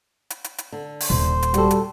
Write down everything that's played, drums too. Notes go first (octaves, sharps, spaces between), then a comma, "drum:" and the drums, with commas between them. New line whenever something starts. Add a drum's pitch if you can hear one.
drum: hi-hat
drum: hi-hat
drum: hi-hat
D3
drum: open hi-hat
D#1 C5
drum: hi-hat
G3 F#4 A4, drum: hi-hat
drum: hi-hat